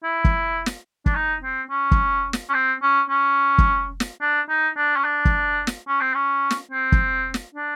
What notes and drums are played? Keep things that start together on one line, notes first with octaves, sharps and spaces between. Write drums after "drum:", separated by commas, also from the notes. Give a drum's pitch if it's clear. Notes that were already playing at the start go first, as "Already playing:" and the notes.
E4
drum: kick
drum: snare
D4, drum: kick
D#4
C4
C#4
drum: kick
drum: snare
C#4
C4
C#4
C#4
drum: kick
drum: snare
D4
D#4
D4
C#4
D4
drum: kick
drum: snare
C#4
C4
C#4
drum: snare
C4
drum: kick
drum: snare
D4